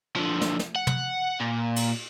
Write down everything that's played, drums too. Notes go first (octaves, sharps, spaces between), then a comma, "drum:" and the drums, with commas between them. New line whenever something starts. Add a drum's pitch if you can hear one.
D3 F3
drum: snare
drum: snare
F#5
drum: tom
A#2
drum: cymbal